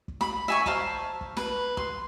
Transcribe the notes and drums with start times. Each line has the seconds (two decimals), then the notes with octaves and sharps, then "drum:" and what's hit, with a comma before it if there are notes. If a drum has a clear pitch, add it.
0.08 drum: kick
0.21 B5, drum: snare
0.48 E5 G#5 C#6
0.66 C5 F5 A5 A#5, drum: kick
1.21 drum: kick
1.37 B4, drum: snare
1.77 C6, drum: kick